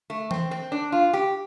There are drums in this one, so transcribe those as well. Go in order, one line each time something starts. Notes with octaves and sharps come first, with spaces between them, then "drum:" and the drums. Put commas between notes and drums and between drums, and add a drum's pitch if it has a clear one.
A3
C4, drum: tom E3
C4
D4
F4
G4